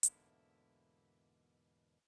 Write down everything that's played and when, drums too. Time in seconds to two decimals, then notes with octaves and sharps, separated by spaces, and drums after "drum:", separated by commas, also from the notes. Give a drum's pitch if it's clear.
0.03 E2 G#2 B2 D3 A#3 E4, drum: hi-hat